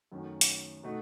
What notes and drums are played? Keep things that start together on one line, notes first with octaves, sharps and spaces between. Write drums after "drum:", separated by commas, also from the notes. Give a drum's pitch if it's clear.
F#2 D#3 A3 C#4 F#4
drum: hi-hat
B2 A3 D#4 F#4